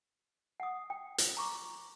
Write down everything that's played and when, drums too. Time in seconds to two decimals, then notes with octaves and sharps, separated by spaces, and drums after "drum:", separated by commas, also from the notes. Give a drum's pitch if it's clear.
0.60 F#5 D#6
0.90 G5
1.18 drum: hi-hat
1.37 A#5 C#6 D6